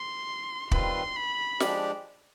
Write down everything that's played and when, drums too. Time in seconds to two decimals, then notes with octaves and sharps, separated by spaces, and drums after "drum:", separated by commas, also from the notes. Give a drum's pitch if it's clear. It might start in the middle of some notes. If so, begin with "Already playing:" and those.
Already playing: C6
0.71 D#3 G3 C4 F4 B4 C6, drum: kick
1.16 B5
1.60 F3 G#3 D4 G4 D5, drum: snare